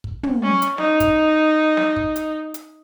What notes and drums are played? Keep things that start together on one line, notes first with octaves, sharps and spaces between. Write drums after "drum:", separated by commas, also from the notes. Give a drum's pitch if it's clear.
drum: kick
drum: tom
C#4
drum: hi-hat
D#4, drum: snare
drum: kick, hi-hat
drum: snare
drum: kick
drum: hi-hat
drum: hi-hat